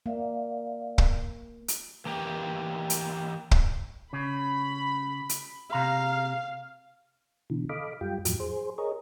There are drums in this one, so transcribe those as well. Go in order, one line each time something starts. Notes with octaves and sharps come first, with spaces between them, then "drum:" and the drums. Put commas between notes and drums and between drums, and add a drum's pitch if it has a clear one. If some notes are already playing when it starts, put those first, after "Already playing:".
A#3 D5 E5 F5
drum: kick
drum: hi-hat
E3 A#3 G4
drum: hi-hat
drum: kick
C#3 B5
drum: hi-hat
C3 F5 A#5
B2 D3 E3
A4 D#5 F5 B5 D6
F#2 G3 F4 G5
E2 A2 F3 F#3, drum: hi-hat
G#4 C5
G#4 A#4 C#5 D#5